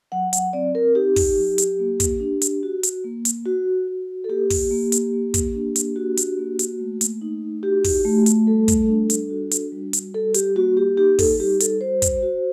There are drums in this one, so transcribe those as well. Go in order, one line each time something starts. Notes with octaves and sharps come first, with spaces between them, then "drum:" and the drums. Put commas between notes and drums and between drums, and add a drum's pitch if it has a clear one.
F#3 F#5
F#5, drum: hi-hat
C4 D5
A#4
D#4 G4
drum: kick, open hi-hat
F#3
drum: hi-hat
A#3
drum: kick, hi-hat
D4
drum: hi-hat
F#4
drum: hi-hat
A#3
drum: hi-hat
F#4
F#4
A4
A#3 G4
drum: kick, open hi-hat
A#3
drum: hi-hat
A#3
drum: kick, hi-hat
D4
drum: hi-hat
F#4
drum: hi-hat
A#3
drum: hi-hat
A3
drum: hi-hat
D#4
F#4 G4
drum: kick, open hi-hat
A3
drum: hi-hat
G3 A4
drum: kick, hi-hat
D4
drum: hi-hat
F#4
drum: hi-hat
G3
drum: hi-hat
G3 A4
G4, drum: hi-hat
A#3 F#4
G4
D#4 G4
A4, drum: kick, open hi-hat
G3 G4
A4, drum: hi-hat
F#4 C5
drum: kick, hi-hat
F#4